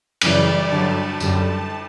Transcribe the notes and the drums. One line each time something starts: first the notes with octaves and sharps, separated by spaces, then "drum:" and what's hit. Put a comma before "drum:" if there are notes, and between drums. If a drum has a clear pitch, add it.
F#2 C#3 E3 G3 D5, drum: cymbal
G2 D3 F#3 A5
F#2 D3 G3 A5, drum: tambourine